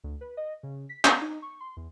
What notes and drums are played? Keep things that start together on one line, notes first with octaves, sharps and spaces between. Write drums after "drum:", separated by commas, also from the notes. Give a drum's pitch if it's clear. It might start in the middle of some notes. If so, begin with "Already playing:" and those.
D2
B4
D#5
C#3
C#3
B6
B3, drum: clap
D#4
C#6
C6
E2